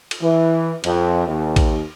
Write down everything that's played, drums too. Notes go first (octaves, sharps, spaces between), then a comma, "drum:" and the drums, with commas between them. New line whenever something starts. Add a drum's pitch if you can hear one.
drum: cymbal
E3
F2, drum: cymbal
D#2
drum: kick, cymbal